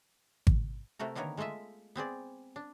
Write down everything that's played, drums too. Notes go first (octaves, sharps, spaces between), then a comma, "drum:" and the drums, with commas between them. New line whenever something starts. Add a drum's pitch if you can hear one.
drum: kick G#1
C3 A3 F#4 A#4
D3 D#3 A#3 B3 A#4 C#5
G#3 A3 F4 D#5 E5
B3 C4 G#4 D5
D4